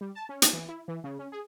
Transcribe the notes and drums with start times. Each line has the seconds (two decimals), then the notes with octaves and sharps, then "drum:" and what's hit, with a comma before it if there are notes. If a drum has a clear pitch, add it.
0.01 G3
0.15 A5
0.29 C#4
0.42 A5, drum: hi-hat
0.53 E3
0.69 E4
0.88 E3
1.04 C#3
1.19 C#4
1.32 G#4